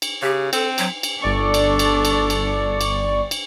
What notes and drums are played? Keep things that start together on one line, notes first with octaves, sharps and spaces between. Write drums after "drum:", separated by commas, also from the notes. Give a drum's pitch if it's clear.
drum: cymbal
C#3 G4
C4 A4, drum: cymbal
F#3, drum: cymbal
drum: cymbal
G1 D4 A4 D5 C#6
drum: cymbal
drum: cymbal
drum: cymbal
drum: cymbal
drum: cymbal
drum: cymbal